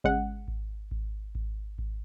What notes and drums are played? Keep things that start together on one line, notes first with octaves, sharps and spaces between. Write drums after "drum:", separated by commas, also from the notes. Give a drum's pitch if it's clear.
C#3 G#3 F#5, drum: kick G#1
drum: kick G#1
drum: kick G#1
drum: kick G#1
drum: kick G#1